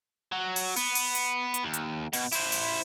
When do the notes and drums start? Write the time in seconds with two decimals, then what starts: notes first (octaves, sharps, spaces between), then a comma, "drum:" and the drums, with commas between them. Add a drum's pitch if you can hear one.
0.32 F#3
0.56 drum: open hi-hat
0.76 B3, drum: open hi-hat
0.95 drum: open hi-hat
1.15 drum: hi-hat
1.54 drum: hi-hat
1.63 D#2
1.73 drum: hi-hat
2.13 B2, drum: open hi-hat
2.32 E4 C5, drum: open hi-hat
2.52 drum: open hi-hat